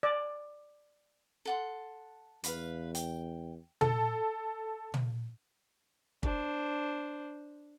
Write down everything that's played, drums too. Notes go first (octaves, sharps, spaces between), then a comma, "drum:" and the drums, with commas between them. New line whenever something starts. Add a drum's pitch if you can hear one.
D5
A4 F#5 C6
E2 B4 F5 B5, drum: hi-hat
G5, drum: hi-hat
A4, drum: tom
drum: tom
D4 C5, drum: kick